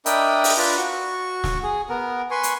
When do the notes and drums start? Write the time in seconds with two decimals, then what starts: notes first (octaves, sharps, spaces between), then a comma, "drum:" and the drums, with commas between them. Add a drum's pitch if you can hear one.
0.06 D4 A#4 D#5 E5 G5 B5, drum: hi-hat
0.44 drum: open hi-hat
0.58 D4 F4 B4 A5
0.77 F#4 C#6
1.44 drum: snare
1.64 G#4
1.89 B3 A#4
2.31 B4 G#5 C6 C#6
2.43 drum: hi-hat